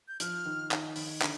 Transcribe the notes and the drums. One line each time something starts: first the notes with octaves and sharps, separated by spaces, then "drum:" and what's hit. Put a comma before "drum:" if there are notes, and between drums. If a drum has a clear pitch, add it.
G6
F3 F6, drum: hi-hat
D#3
D#3, drum: clap
D#3, drum: open hi-hat
D3, drum: clap